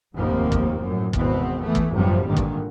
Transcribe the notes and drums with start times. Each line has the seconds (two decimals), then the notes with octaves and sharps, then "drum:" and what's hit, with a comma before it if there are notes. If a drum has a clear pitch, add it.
0.16 F1 D#2 G#2 F3 A#3 C4
0.52 drum: kick
0.82 F#2 A2
1.13 G#1 E2 B2 B3 C4, drum: kick
1.62 E3 A3 B3
1.75 drum: kick
1.92 G1 F#2 A2 C3 F3 G3
2.27 G#1 G2 A#2 D3 D#3
2.37 drum: kick